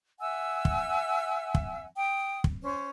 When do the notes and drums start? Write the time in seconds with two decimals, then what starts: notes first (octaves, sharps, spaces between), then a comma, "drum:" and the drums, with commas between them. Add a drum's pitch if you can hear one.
0.20 E5 F#5 G#5 E6
0.65 drum: kick
1.55 drum: kick
1.96 G5 D#6
2.44 drum: kick
2.63 C#4 C5